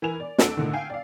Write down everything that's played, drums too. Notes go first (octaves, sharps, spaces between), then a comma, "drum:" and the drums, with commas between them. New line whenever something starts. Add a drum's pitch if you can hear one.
E3 A#4 G#5 F7
D5
E2 D4 F#4 A4 E6 D7, drum: snare
A2 D3 D#3
F5 G5 G#5
D5 F5